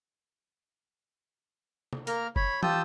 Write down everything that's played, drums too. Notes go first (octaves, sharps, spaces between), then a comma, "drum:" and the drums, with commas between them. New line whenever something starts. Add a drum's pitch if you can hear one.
drum: tom
A#3 A#4 A#5 F6, drum: hi-hat
C#5 B5, drum: kick
F4 G4 A5 D#6 E6 G6, drum: tom